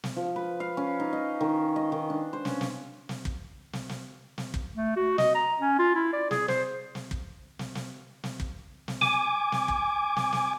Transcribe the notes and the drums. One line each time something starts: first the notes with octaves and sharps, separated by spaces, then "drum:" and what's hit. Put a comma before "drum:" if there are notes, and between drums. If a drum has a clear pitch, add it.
drum: snare
F3
B4
F5
C#4
D#4
D#5
D#3
D#5
D#3
D4
C5
C#4, drum: snare
drum: snare
drum: snare
drum: kick
drum: snare
drum: snare
drum: snare
drum: kick
A3
F#4
D#5, drum: snare
A#5
C#4
F4
E4
D5
G#4, drum: snare
C5, drum: snare
drum: snare
drum: kick
drum: snare
drum: snare
drum: snare
drum: kick
drum: snare
G#5 D6, drum: snare
drum: snare
drum: kick
drum: snare
drum: snare